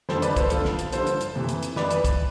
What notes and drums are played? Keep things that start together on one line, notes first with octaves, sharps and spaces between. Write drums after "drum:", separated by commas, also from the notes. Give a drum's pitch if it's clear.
F2 D3 F3 A4 C5, drum: snare
B4 D5, drum: hi-hat
A4 C5, drum: kick, hi-hat
F2 D3 F3 F4 A4, drum: hi-hat
drum: snare
drum: hi-hat
G2 D3 F3 A4 C5, drum: hi-hat
drum: hi-hat
drum: hi-hat
F2 C3 E3
drum: hi-hat
drum: hi-hat
F2 E3 B4 D5, drum: snare
drum: hi-hat
drum: kick, hi-hat